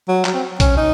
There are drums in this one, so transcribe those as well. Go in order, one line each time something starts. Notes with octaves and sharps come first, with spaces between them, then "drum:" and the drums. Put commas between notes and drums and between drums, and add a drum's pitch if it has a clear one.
F#3
F#3, drum: clap
C4
C#4, drum: kick A#1, hi-hat
D#4